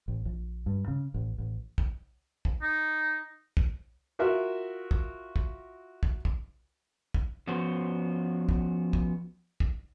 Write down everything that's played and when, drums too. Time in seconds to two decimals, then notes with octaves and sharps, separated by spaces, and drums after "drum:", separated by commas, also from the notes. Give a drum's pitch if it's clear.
0.08 A1
0.25 A#1
0.66 G2
0.88 C#3
1.14 A1
1.38 A1
1.78 drum: kick
2.45 drum: kick
2.62 D#4
3.57 drum: kick
4.19 F4 F#4 A#4 E5
4.91 drum: kick
5.36 drum: kick
6.03 drum: kick
6.25 drum: kick
7.14 drum: kick
7.47 F3 B3 C#4 F#4 C5
8.49 drum: kick
8.93 drum: kick
9.60 drum: kick